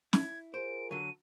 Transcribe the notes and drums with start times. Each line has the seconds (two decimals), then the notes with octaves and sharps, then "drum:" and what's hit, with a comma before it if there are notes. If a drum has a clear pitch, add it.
0.13 E4 G#6, drum: snare
0.54 F4 G#4 A#4 C5 D7
0.91 D3 F#3 D#7